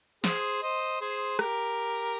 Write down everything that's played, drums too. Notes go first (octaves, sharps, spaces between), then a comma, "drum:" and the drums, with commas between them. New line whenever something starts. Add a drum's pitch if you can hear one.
G#4 C5, drum: snare
C5 D#5
G#4 C5
G4 A#4, drum: rim click